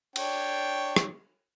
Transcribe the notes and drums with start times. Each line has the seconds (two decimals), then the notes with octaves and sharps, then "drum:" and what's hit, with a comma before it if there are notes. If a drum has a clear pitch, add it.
0.16 D4 C#5 G5, drum: cymbal
0.96 drum: rim click